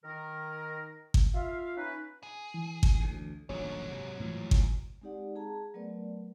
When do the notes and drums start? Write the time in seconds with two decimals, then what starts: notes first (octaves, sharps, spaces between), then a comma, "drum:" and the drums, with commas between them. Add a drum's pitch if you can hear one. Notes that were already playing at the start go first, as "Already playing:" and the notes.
0.04 D#3 A#4
1.14 drum: kick G#1
1.34 F4 E5 F5
1.77 C#4 D#4 B4
2.23 G#4
2.54 E3
2.83 drum: kick G#1
3.00 D2
3.49 D#1 A#1 G#2 B2 F#3 C#5
3.91 C3
4.20 A2 E3 F3
4.51 drum: kick G#1
5.01 G#3 C4 D#4 G4 D5 F#5
5.36 G#4 A5 A#5
5.74 F#3 A3 B3 A#4 B4 D5